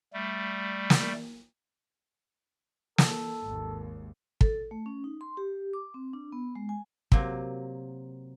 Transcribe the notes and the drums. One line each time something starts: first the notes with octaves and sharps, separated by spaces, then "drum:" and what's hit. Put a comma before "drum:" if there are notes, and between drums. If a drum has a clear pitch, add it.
G3 A3
drum: snare
A4, drum: snare
G#1 D#2
A4, drum: kick
A3
C#4
D#4
C6
G4
D6
C4
D4
B3
G#3
G#5
C3 F#3 A#3, drum: kick